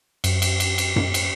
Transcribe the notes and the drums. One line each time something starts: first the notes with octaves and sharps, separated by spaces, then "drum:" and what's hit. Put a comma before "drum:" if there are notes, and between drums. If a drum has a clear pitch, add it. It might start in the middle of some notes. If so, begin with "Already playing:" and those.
F#2, drum: cymbal
drum: cymbal
drum: cymbal
drum: cymbal
drum: tom F#2
drum: cymbal